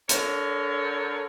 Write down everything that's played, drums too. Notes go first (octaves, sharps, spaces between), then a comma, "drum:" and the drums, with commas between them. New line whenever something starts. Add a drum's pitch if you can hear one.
D3 A#4 C#5, drum: hi-hat